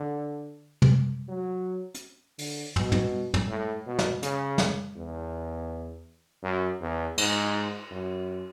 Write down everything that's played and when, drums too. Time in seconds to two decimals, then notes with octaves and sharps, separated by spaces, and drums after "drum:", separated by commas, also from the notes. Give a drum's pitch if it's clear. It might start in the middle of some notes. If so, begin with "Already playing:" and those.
Already playing: D3
0.82 drum: tom
1.29 F#3
1.94 drum: hi-hat
2.39 D3, drum: open hi-hat
2.76 B2, drum: tom
2.92 drum: tom
3.34 drum: tom
3.49 A2
3.86 B2
3.99 drum: snare
4.23 C#3, drum: hi-hat
4.58 drum: snare
4.96 E2
6.44 F#2
6.81 E2
7.18 G#2, drum: cymbal
7.91 F#2